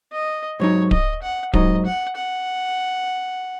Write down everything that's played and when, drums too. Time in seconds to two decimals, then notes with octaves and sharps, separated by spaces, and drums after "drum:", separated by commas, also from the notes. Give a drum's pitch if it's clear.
0.12 D#5
0.60 G#2 F#3 D#4 C#5
0.91 D#5, drum: kick D1
1.22 F#5
1.53 G#2 F#3 D#4 D#5, drum: kick D1
1.85 F#5
2.16 F#5